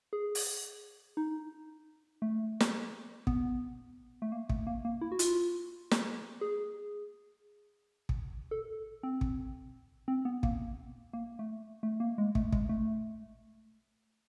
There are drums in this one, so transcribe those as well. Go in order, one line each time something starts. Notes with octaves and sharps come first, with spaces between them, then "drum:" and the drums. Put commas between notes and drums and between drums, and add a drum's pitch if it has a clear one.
G#4
drum: open hi-hat
D#4
A3
drum: snare
B3, drum: kick
A3
A#3
A3, drum: kick
A#3
A#3
E4
F#4
F4, drum: hi-hat
drum: snare
G#4
drum: kick
A4
C4
drum: kick
C4
B3
A#3, drum: kick
A#3
A3
A3
A#3
G#3
A3, drum: kick
G#3, drum: kick
A3